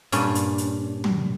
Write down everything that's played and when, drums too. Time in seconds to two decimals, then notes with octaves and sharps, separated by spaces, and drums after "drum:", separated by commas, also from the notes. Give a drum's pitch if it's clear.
0.12 G2 A#2 C#4, drum: hi-hat
0.35 drum: hi-hat
0.58 drum: hi-hat
1.04 drum: tom